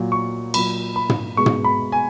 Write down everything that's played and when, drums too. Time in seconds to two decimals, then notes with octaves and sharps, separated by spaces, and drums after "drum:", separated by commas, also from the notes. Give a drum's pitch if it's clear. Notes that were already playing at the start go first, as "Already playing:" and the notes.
Already playing: A#2 F#3
0.12 C#6
0.54 A#2 F#3 B5, drum: cymbal
0.96 B5
1.09 drum: tom
1.36 B2 G#3 C#6
1.46 drum: tom
1.64 B5
1.92 G#5